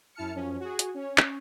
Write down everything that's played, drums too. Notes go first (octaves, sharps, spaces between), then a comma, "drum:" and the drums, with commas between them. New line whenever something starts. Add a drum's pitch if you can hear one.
F#2 E4 A5 F6 C#7
F#2 F3 C#4
F#4 G#4
drum: hi-hat
C#4 C#5
drum: clap